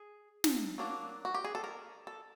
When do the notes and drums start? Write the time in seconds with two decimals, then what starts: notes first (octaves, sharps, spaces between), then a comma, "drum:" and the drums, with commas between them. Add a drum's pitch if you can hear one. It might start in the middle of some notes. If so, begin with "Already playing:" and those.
Already playing: G#4
0.44 drum: snare
0.78 F#3 A#3 D4
1.25 F#4
1.34 G4
1.44 G#4
1.55 A4
1.64 A#4
2.07 A4